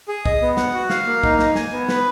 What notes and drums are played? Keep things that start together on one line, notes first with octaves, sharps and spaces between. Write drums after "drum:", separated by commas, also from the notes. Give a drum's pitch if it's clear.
G#4
D#5, drum: kick
B3
F#5, drum: snare
F#4
F5, drum: snare
A#3
D#4, drum: kick
D#4, drum: snare
G#5, drum: snare
B3
B4, drum: snare